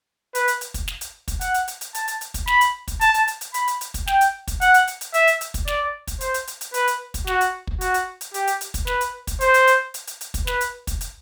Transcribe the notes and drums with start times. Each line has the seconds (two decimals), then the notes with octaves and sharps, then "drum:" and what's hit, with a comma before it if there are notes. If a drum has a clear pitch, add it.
0.35 B4, drum: hi-hat
0.48 drum: hi-hat
0.61 drum: hi-hat
0.74 drum: kick, hi-hat
0.88 drum: snare
1.01 drum: hi-hat
1.28 drum: kick, hi-hat
1.41 F#5, drum: hi-hat
1.54 drum: hi-hat
1.68 drum: hi-hat
1.81 drum: hi-hat
1.94 A5, drum: hi-hat
2.08 drum: hi-hat
2.21 drum: hi-hat
2.34 drum: kick, hi-hat
2.47 B5, drum: snare
2.61 drum: hi-hat
2.88 drum: kick, hi-hat
3.01 A5, drum: hi-hat
3.14 drum: hi-hat
3.28 drum: hi-hat
3.41 drum: hi-hat
3.54 B5, drum: hi-hat
3.68 drum: hi-hat
3.81 drum: hi-hat
3.94 drum: kick, hi-hat
4.07 G5, drum: snare
4.21 drum: hi-hat
4.47 drum: kick, hi-hat
4.61 F#5, drum: hi-hat
4.74 drum: hi-hat
4.87 drum: hi-hat
5.01 drum: hi-hat
5.14 E5, drum: hi-hat
5.27 drum: hi-hat
5.41 drum: hi-hat
5.54 drum: kick, hi-hat
5.68 D5, drum: snare
6.07 drum: kick, hi-hat
6.21 C5, drum: hi-hat
6.34 drum: hi-hat
6.47 drum: hi-hat
6.61 drum: hi-hat
6.74 B4, drum: hi-hat
6.87 drum: hi-hat
7.14 drum: kick, hi-hat
7.27 F#4, drum: snare
7.41 drum: hi-hat
7.67 drum: kick
7.81 F#4, drum: hi-hat
7.94 drum: hi-hat
8.21 drum: hi-hat
8.34 G4, drum: hi-hat
8.47 drum: hi-hat
8.61 drum: hi-hat
8.74 drum: kick, hi-hat
8.87 B4, drum: snare
9.01 drum: hi-hat
9.27 drum: kick, hi-hat
9.41 C5, drum: hi-hat
9.54 drum: hi-hat
9.67 drum: hi-hat
9.94 drum: hi-hat
10.07 drum: hi-hat
10.21 drum: hi-hat
10.34 drum: kick, hi-hat
10.47 B4, drum: snare
10.61 drum: hi-hat
10.87 drum: kick, hi-hat
11.01 drum: hi-hat